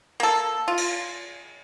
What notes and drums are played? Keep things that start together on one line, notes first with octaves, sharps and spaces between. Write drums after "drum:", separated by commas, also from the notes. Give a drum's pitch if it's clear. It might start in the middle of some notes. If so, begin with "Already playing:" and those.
A#3 A4
F4
drum: cymbal